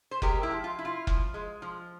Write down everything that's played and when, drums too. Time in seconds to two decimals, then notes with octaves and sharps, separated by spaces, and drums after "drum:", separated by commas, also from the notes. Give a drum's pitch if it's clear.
0.11 C5
0.22 G#3 G4 A#4, drum: kick F#1
0.43 E4 G4
0.51 F3
0.64 F4
0.79 E4
0.85 F4
1.07 F3, drum: kick F#1
1.34 G#3
1.62 F3